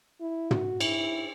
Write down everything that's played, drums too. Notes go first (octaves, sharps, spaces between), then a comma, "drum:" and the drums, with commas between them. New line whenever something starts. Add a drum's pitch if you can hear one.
E4
F#4, drum: tom
E4, drum: cymbal